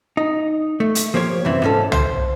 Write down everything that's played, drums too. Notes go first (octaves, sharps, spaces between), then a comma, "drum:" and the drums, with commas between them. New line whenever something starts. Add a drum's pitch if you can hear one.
D#4
A3
drum: hi-hat
F3 A#3 G4 C#5
C2 F#2 E3 C4 E4
G#2 C#4 A4
C5, drum: tom